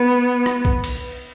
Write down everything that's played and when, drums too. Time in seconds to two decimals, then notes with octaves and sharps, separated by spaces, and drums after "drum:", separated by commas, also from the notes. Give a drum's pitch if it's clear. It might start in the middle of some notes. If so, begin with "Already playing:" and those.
Already playing: B3
0.46 drum: rim click
0.65 drum: kick A#1
0.84 drum: cymbal